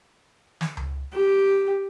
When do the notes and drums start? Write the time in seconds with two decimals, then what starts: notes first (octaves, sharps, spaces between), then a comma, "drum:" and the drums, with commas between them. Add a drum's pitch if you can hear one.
0.61 drum: snare
0.77 drum: tom C#2
1.13 G4